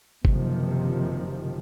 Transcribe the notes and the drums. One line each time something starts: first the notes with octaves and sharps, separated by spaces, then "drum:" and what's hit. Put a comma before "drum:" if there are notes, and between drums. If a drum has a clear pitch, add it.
F#1 C3 D#3 F3, drum: kick G1